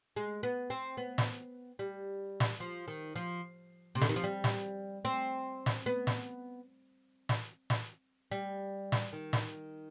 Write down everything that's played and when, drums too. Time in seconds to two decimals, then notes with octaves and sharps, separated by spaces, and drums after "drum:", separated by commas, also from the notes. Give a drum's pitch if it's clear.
0.16 G#3
0.43 B3
0.70 C4
0.97 B3
1.18 drum: snare
1.79 G3
2.40 drum: snare
2.60 F3
2.88 D#3
3.16 F3
3.95 C3
4.01 D3, drum: snare
4.09 D#3
4.16 F3
4.24 G3
4.44 drum: snare
5.05 C4
5.66 drum: snare
5.86 B3
6.07 drum: snare
7.29 drum: snare
7.70 drum: snare
8.31 G3
8.92 drum: snare
9.13 D#3
9.33 drum: snare